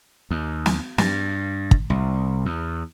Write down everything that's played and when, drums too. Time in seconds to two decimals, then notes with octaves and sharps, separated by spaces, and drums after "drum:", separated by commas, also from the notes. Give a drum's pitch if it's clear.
0.31 D#2
0.66 drum: snare
0.98 G2, drum: snare
1.71 drum: kick
1.90 C2
2.46 E2